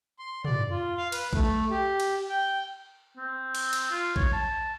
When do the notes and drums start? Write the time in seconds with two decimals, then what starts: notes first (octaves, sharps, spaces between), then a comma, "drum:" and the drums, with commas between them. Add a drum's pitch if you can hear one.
0.19 C6
0.45 D5, drum: tom
0.71 F4
0.97 F5
1.12 B4, drum: cymbal
1.33 A3, drum: kick A#1
1.71 G4
2.00 drum: cymbal
2.29 G5
3.17 C4
3.55 drum: cymbal
3.73 drum: cymbal
3.91 F4
4.16 C#5, drum: kick A#1
4.33 A5